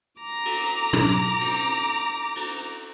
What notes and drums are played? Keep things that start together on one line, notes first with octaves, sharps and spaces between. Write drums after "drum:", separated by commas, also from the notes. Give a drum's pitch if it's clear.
A#5 D6
drum: cymbal
drum: tom
drum: cymbal
drum: cymbal